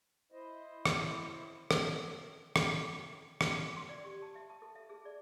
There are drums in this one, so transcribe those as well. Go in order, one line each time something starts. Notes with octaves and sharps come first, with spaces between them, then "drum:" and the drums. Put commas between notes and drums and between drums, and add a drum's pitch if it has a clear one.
E4 C5 D#5
drum: rim click
drum: rim click
drum: rim click
drum: rim click
C6
D5
G4
A5
E5
A5
A4
E5
G#4
D5